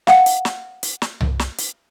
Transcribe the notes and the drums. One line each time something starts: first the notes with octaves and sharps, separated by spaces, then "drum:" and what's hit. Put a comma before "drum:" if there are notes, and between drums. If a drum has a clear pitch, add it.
F5 F#5, drum: snare
drum: hi-hat
drum: snare
drum: hi-hat
drum: snare
drum: tom C2
drum: snare
drum: hi-hat